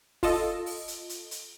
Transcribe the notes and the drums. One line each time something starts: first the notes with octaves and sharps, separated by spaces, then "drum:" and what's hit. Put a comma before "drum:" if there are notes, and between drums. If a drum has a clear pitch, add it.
F4 A4 D#5, drum: kick, open hi-hat
drum: open hi-hat
drum: hi-hat
drum: hi-hat
drum: hi-hat